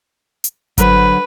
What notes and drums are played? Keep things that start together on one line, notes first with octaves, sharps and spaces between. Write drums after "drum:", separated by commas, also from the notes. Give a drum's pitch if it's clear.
drum: hi-hat
D3 F#3 B4 C5, drum: kick G#1, hi-hat